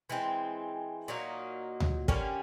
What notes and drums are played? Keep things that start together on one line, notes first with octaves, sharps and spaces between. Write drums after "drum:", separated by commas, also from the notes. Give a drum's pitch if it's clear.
E3 G#3 C4
A#2 F#3 A#3 D#4
drum: tom D2
D3 G3 A#3 C#4, drum: kick